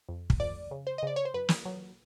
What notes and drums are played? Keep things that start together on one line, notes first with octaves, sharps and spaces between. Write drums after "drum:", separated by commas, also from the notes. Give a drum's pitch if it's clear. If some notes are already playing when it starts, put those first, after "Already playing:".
F2
drum: kick
F2 D5
C#3
C5
D#5
C#3 D5
C#5
C5
F#2 B4
drum: snare
F#3